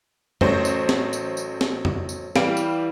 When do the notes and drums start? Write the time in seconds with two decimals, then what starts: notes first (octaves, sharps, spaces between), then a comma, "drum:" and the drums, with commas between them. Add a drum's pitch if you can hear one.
0.41 A1 F#3 A3 C5, drum: tom F2
0.65 drum: tambourine
0.89 drum: snare
1.13 drum: tambourine
1.37 drum: tambourine
1.61 drum: snare
1.85 drum: tom F2
2.09 drum: tambourine
2.36 E3 G3 F5 D7, drum: snare
2.57 drum: tambourine